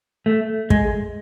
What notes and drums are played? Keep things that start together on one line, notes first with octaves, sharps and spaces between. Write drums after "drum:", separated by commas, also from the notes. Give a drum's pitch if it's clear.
A3
G#3, drum: kick